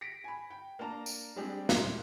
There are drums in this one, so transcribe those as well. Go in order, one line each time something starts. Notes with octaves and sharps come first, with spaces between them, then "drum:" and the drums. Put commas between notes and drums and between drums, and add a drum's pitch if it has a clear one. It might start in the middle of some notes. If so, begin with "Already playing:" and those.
A#6 B6 C#7 D7
G#5 B5
G5
A#3 D4 A5 A#5
drum: tambourine
G3 G#3 C4 D4 G#4 G5
A#2 E4 A#4 C6, drum: snare